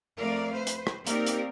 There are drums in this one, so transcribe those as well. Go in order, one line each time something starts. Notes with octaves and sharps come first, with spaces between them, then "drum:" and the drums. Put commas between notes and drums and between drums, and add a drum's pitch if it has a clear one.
F2 A3 A#4 D5 F5
B4 C5
drum: hi-hat
drum: rim click
A#3 C4 D#4 G4 A#4 D5, drum: hi-hat
drum: hi-hat